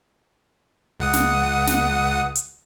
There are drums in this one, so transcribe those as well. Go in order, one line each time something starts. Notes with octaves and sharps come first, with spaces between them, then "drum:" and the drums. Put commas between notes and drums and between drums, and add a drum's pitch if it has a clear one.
C#2 F#5 D#6
drum: snare
drum: snare
drum: hi-hat